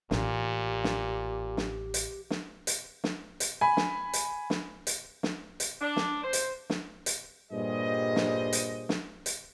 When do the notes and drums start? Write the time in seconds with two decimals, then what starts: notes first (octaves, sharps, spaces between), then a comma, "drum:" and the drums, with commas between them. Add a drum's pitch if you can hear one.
0.11 A1 A#2 G4, drum: snare
0.84 drum: snare
1.57 drum: snare
1.94 drum: hi-hat
2.30 drum: snare
2.67 drum: hi-hat
3.04 drum: snare
3.40 drum: hi-hat
3.61 G#5 B5
3.77 drum: snare
4.13 drum: hi-hat
4.50 drum: snare
4.87 drum: hi-hat
5.23 drum: snare
5.60 drum: hi-hat
5.81 D4
5.96 drum: snare
6.23 C5
6.33 drum: hi-hat
6.70 drum: snare
7.06 drum: hi-hat
7.52 G2 A#2 G3 G#4 C5 D#5
8.16 drum: snare
8.53 drum: hi-hat
8.89 drum: snare
9.26 drum: hi-hat